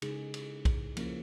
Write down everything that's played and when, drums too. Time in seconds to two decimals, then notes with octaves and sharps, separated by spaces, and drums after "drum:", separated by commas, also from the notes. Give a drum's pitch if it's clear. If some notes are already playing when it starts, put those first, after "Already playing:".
0.02 C#3 G#3 D#4 G#4, drum: cymbal
0.34 drum: cymbal
0.65 drum: kick, cymbal
0.97 F3 A#3 C#4, drum: cymbal